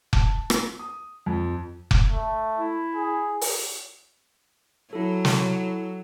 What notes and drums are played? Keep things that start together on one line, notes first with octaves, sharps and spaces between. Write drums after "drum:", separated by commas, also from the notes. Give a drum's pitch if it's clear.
A5, drum: kick F1
drum: rim click
D#6
F2
drum: kick F1
A3
E4
G#4
drum: open hi-hat
F#3 E4 A4
drum: snare